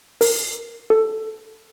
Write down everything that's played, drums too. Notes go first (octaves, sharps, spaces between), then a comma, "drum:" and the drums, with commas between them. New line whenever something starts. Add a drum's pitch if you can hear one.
A#4, drum: open hi-hat
A4